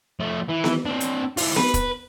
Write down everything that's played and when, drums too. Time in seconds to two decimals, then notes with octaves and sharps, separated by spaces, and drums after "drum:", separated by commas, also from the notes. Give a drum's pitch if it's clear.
0.20 F3 A3
0.48 E3
0.64 drum: snare B3
0.86 C4 D4
1.00 drum: hi-hat
1.37 E3 F4, drum: open hi-hat
1.56 B4, drum: snare B3
1.74 drum: kick, hi-hat